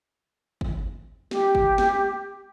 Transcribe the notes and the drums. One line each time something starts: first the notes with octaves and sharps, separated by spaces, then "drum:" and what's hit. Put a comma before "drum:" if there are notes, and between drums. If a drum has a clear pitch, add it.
drum: kick
G4, drum: snare
drum: kick
drum: snare